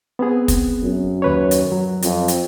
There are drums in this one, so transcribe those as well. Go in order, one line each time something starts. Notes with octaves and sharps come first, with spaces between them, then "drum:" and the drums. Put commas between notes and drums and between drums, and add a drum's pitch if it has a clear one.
B3 C4 G#4
drum: kick, hi-hat
F#2
D#2 B4 C#5
drum: hi-hat
F#3
F2, drum: hi-hat
drum: hi-hat